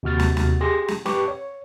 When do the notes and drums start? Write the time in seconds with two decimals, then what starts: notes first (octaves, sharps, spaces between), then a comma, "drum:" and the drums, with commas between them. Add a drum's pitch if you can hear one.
0.03 D#2 C3 F#4 F6 A6
0.19 drum: snare
0.37 drum: snare
0.61 G4 G#4 C6 A#6
0.88 drum: snare
1.06 G4 B4 C#6 D6, drum: snare
1.28 C#5